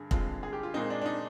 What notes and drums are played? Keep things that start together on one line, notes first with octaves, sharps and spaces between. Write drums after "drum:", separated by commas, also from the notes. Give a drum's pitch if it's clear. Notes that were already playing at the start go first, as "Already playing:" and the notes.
Already playing: G2 D3 G#4
G2 D3 G#3 C4 F4, drum: kick
G#4
G4
F4
A#2 G#3 C4 D#4
D4
D4
D#4